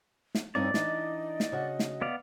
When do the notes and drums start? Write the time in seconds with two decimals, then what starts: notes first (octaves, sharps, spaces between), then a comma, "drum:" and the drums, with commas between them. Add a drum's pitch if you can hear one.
0.35 drum: snare
0.55 G2 C4 C#4 D#4 D5
0.74 E3 D4 D#4 D#5, drum: snare
1.40 drum: snare
1.52 C#3 F#4 F#5
1.79 drum: snare
2.01 B3 D5 F5